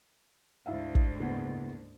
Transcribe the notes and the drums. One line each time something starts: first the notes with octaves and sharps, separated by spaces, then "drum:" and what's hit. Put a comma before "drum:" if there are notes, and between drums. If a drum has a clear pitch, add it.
D2 G#2 E4 E5 F5
drum: kick
F#1 B3